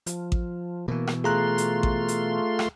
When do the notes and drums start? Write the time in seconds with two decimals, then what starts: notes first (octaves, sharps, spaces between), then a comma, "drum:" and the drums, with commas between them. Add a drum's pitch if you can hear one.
0.07 F3, drum: hi-hat
0.32 drum: kick A1
0.88 B2 E3 A#3
1.07 drum: rim click
1.24 A3 F4 G#4 A#5 C6 F#6
1.58 drum: hi-hat
1.83 drum: kick A1
2.08 drum: hi-hat
2.59 drum: rim click